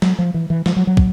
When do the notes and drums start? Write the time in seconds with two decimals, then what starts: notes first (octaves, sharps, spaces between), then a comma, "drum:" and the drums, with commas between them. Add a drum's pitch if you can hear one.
0.02 F#3, drum: snare
0.19 F3
0.34 E3
0.50 E3
0.66 F3, drum: snare
0.76 F#3
0.87 F#3
0.97 drum: kick